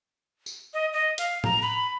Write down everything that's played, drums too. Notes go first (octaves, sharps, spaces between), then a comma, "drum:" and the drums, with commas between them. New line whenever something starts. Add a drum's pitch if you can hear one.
drum: tambourine
D#5
D#5
F5, drum: hi-hat
A#5, drum: tom A2
B5